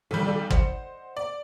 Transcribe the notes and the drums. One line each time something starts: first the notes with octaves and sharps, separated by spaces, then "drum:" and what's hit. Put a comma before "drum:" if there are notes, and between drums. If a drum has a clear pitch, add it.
B1 D#3 G3 A4
A4 D5
C5 D#5 F#5, drum: kick
D5